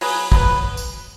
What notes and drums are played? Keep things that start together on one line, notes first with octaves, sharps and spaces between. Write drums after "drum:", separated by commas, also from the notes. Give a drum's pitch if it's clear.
F#3 B3 G#4 B4, drum: open hi-hat
F#3 B3 G#4 B4, drum: kick
drum: tambourine